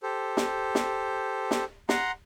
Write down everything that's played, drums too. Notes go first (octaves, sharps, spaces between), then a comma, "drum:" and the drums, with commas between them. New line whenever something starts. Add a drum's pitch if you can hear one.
G4 A4 C5
drum: snare
drum: snare
drum: snare
F#5 A#5 C6, drum: snare